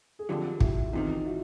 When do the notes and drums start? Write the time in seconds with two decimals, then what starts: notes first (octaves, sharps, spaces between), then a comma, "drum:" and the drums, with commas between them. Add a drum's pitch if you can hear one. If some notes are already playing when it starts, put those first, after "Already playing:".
0.19 G#4
0.29 F2 D3 F#3 F4 G4
0.60 E4 F#4, drum: kick
0.93 E2 C3 D#3 D#4 F4
1.25 E4 F#4